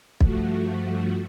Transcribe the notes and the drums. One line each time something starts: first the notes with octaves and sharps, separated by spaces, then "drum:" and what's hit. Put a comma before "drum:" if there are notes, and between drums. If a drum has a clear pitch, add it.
G2 F3 A3 F#4, drum: kick